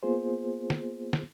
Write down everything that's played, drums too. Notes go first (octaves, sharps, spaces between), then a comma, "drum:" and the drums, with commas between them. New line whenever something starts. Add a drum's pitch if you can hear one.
A#3 B3 F4 G#4 C5
drum: snare
drum: snare